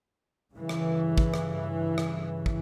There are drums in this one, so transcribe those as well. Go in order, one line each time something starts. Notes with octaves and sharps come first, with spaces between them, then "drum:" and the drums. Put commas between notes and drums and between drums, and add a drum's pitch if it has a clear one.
G2 C#3 E3
drum: rim click
drum: kick
drum: rim click
drum: rim click
drum: kick